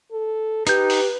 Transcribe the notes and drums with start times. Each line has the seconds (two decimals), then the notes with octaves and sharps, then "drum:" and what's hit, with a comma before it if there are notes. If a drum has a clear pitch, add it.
0.12 A4
0.67 D#4 G4 B4 G6, drum: hi-hat
0.90 drum: open hi-hat